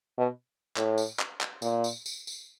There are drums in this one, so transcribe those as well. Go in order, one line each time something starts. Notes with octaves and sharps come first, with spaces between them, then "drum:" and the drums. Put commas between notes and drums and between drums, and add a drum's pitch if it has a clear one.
B2
A2, drum: clap
drum: tambourine
drum: clap
drum: clap
A#2, drum: tambourine
drum: tambourine
drum: tambourine
drum: tambourine